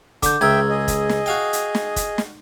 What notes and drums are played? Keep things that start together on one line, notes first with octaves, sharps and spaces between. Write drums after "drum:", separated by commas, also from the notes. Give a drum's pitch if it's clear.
D3 D6 G6, drum: kick, hi-hat
C#2 A#4 E5 G5 D#6 E6 G#6
G#4 D#5
drum: kick, hi-hat
drum: snare
F#4 F5 G5
drum: hi-hat
drum: snare
drum: kick, hi-hat
drum: snare